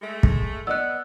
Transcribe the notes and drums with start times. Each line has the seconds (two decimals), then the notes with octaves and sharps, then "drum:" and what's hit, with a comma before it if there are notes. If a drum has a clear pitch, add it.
0.02 G#3 A3
0.23 drum: kick
0.67 B3 D5 D#5 E6 F#6